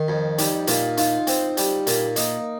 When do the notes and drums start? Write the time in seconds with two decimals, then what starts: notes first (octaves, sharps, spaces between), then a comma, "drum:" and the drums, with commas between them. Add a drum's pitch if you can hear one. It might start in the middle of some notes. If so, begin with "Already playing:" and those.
Already playing: D#3
0.08 F2
0.38 G3 D#4, drum: hi-hat
0.67 A#2 F4, drum: hi-hat
0.97 D#4 F4, drum: hi-hat
1.27 C4, drum: hi-hat
1.57 G3, drum: hi-hat
1.87 A#2, drum: hi-hat
2.16 A#3 D#4, drum: hi-hat